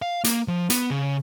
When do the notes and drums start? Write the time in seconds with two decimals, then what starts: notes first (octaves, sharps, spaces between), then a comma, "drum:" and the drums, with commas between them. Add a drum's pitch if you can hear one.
0.02 F5
0.24 A#3, drum: hi-hat
0.48 F3
0.70 B3, drum: hi-hat
0.90 C#3